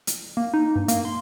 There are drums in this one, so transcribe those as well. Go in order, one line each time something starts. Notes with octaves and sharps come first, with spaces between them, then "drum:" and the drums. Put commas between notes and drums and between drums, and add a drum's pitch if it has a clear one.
drum: hi-hat
A#3
D#4
G2
A#3, drum: hi-hat
C6